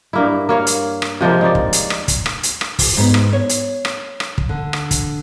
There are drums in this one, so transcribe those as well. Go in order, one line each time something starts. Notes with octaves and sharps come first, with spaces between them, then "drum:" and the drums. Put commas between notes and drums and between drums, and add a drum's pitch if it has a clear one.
G2 A#3 E4
A#3 C#5 F5
drum: hi-hat
drum: rim click
C3 F3 G#3 A#3
D#4 C#5 D5
drum: kick
drum: hi-hat
drum: rim click
drum: kick, hi-hat
drum: rim click
drum: hi-hat
drum: rim click
drum: kick, open hi-hat
G#2 B3
drum: rim click
C#5
drum: hi-hat
drum: rim click
drum: rim click
drum: kick
D3
drum: rim click
drum: kick, hi-hat